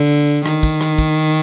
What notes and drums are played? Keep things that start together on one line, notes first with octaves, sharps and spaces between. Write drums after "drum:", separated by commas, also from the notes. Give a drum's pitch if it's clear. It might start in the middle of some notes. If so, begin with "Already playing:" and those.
Already playing: D3
D#3, drum: rim click
drum: kick, tambourine
drum: rim click
drum: kick, tambourine